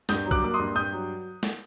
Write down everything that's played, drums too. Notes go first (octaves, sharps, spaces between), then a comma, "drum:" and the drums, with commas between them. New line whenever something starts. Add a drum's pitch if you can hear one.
G2 D#6 G6, drum: snare
F#3
D6 F#6, drum: kick
A#3 D6
C6 D#6
G2
G2 D#6 G6
F#3
drum: snare